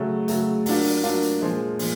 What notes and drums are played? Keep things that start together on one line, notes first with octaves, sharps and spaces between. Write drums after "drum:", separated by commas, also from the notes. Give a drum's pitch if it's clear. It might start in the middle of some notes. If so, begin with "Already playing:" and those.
Already playing: C#3 F#3 A3
C#3 F#3 A3, drum: hi-hat
F#3 A#3 D4 F4, drum: open hi-hat
drum: open hi-hat
F#3 A#3 D4 F4, drum: hi-hat
drum: hi-hat
A#2 F3 G#3
A#2 F3, drum: open hi-hat